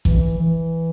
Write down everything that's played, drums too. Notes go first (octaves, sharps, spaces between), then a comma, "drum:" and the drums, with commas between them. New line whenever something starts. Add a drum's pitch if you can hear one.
E3, drum: kick A1
E3